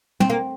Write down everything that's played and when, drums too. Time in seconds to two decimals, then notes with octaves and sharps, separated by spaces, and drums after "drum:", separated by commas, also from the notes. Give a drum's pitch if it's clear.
0.20 C4, drum: tom
0.30 A#3